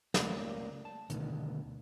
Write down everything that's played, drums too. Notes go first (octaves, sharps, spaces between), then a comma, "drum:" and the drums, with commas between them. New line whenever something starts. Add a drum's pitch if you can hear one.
C#2 A3 A#3 C#5 D5, drum: snare
A5
D2 B2 D#3 B4, drum: hi-hat